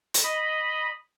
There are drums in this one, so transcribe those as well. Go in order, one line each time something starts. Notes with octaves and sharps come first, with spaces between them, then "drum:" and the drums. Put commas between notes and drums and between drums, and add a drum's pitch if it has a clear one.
drum: hi-hat
D#5 B5